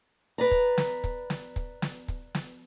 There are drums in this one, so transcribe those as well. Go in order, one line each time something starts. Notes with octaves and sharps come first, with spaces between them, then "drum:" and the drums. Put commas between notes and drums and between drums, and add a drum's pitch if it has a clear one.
B4 D5 A#5
drum: kick, hi-hat
drum: snare
drum: kick, hi-hat
drum: snare
drum: kick, hi-hat
drum: snare
drum: kick, hi-hat
drum: snare